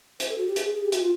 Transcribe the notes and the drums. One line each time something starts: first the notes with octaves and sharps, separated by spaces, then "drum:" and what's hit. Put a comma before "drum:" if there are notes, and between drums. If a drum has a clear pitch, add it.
C5, drum: hi-hat
A4
F#4
G4
G#4, drum: hi-hat
G#4
G4
F#4, drum: hi-hat
F4